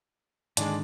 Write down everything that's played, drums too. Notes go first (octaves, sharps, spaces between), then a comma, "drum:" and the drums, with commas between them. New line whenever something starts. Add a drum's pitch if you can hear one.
G#2 D3 D#3 G#3 D4, drum: hi-hat